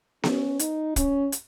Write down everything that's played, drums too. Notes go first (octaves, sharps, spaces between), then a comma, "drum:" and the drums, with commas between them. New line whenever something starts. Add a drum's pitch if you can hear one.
C#4, drum: snare B3
D#4, drum: hi-hat
C#4, drum: kick, hi-hat
drum: hi-hat